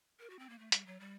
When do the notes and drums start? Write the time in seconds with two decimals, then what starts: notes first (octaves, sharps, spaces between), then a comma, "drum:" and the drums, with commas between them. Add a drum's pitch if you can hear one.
0.20 A#4
0.30 F#4
0.39 C4
0.50 A#3
0.59 A3
0.72 G3, drum: hi-hat
0.86 F#3
1.00 G3